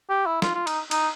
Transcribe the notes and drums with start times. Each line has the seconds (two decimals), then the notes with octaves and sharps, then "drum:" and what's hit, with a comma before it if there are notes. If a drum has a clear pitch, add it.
0.10 G4
0.26 E4
0.42 F4, drum: snare
0.55 F4
0.67 D#4, drum: cymbal
0.91 D#4, drum: cymbal